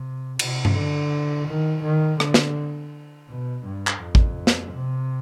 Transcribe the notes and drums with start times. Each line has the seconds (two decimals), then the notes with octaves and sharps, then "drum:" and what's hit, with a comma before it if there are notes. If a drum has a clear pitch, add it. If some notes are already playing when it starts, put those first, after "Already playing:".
Already playing: C3
0.39 C3, drum: cymbal
0.65 drum: tom G2
0.75 D3
1.48 D#3
1.84 D#3
2.20 D3, drum: rim click
2.34 drum: snare
3.29 B2
3.65 G2
3.87 drum: clap
4.01 F2
4.15 drum: kick
4.47 drum: snare
4.73 C3